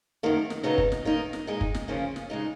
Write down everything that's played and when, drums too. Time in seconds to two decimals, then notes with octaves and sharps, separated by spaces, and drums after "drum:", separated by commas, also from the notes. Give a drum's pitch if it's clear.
0.23 F#2 D#3 A#3
0.50 drum: snare
0.63 C#3 F#3 B3 D#4
0.78 drum: kick
0.92 drum: snare
1.05 D#3 A#3 D#4
1.33 drum: snare
1.47 A#2 G#3 D#4
1.61 drum: kick
1.74 drum: snare
1.88 C#3 F3 A#3 C#4
2.16 drum: snare
2.30 C#3 G#3 D#4